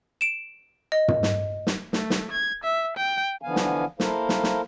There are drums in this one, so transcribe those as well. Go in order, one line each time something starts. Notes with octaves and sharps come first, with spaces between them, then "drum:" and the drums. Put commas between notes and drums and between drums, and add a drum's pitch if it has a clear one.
D7 E7
D#5
drum: tom
drum: snare
drum: snare
A3, drum: snare
drum: snare
G#6
E5
G5
D3 E3 F3 B3 F5 G#5
drum: snare
A#3 E4 A4 A#4 C5 F5, drum: snare
drum: snare
drum: snare